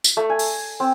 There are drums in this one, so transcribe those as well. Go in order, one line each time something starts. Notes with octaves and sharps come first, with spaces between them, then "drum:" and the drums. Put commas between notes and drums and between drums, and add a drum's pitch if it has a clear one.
drum: tambourine
A3
G#5
drum: open hi-hat
C4